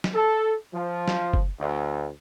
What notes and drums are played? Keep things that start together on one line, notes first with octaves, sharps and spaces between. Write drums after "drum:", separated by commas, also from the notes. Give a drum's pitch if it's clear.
drum: snare
A4
F3
drum: snare
drum: kick F#1
D2